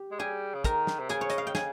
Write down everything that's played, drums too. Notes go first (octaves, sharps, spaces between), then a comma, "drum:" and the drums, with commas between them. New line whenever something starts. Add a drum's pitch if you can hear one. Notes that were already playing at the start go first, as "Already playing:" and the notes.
Already playing: G4
G#3
G3 G#4 G#5
C#3
D#3 A#4 A#5, drum: kick, hi-hat
drum: snare
C3
C#3 G#4 G#5, drum: hi-hat
C#5
D#5, drum: hi-hat
F5
G5
C#3 G#4 G#5, drum: snare